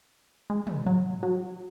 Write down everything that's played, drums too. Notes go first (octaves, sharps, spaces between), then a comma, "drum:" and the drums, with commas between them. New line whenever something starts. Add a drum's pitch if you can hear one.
G#3
drum: tom
F#3
F#3